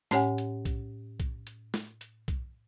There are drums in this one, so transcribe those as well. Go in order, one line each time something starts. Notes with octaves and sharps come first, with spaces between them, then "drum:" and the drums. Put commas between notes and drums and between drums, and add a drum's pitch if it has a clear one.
A2 C#4 G4 C#5 F#5 G#5, drum: snare
drum: hi-hat
drum: kick B1, hi-hat
drum: kick B1, hi-hat
drum: hi-hat
drum: snare
drum: hi-hat
drum: kick B1, hi-hat